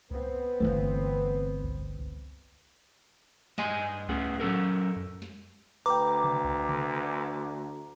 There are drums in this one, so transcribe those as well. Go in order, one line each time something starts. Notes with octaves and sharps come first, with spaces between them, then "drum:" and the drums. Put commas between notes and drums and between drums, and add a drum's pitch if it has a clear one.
B3 C4, drum: kick C2
G1 E3 A3, drum: kick C2
drum: kick C2
drum: kick C2
G2 D#5 G#5 C6, drum: snare
A2 B3 C#4 G#4, drum: kick C2
F#3 C#4 A4 A#4
drum: tom F2
drum: snare
D2 B4 G5 A#5 D6, drum: open hi-hat
drum: tom C3
drum: kick C2
drum: tom C3